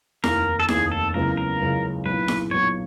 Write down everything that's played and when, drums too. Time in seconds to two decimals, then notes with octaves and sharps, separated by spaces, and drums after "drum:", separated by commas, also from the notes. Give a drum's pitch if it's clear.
0.24 F1 D#2 D#3 A#4, drum: snare E4
0.60 A4
0.68 F1 D#2 D#3 G#4, drum: snare E4
0.92 A4
1.14 C#2 C#3 F#3 B3 E4 A#4
1.37 A#4
1.60 C#2 C#3 F#3 B3 E4
2.05 B1 A#2 F#3 B3 E4 B4
2.28 drum: snare E4
2.51 B1 A#2 F#3 B3 E4 C#5